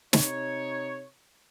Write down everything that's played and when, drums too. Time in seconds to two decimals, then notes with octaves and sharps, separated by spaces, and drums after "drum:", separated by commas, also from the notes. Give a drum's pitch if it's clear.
0.13 C3 D#4 C#5, drum: snare